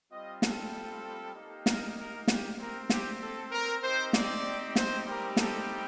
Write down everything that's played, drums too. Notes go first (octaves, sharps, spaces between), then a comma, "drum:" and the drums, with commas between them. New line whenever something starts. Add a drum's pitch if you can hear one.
G3 C4 F4 D#5
A4, drum: snare
A#3 D#4 G4
A#4, drum: snare
A#4
G4, drum: snare
C4 G4 A#4
G4, drum: snare
A4
A#4
C4 D#4 G4 C5
D5, drum: snare
C5, drum: snare
G3 C4 D#4 G4 A#4
A4, drum: snare